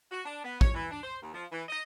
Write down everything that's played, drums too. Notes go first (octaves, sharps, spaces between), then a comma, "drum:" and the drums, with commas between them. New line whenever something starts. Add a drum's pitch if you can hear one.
F#4
D4
B3
C#5, drum: kick
E3
D4
C5
D#2
F3
E3
D#5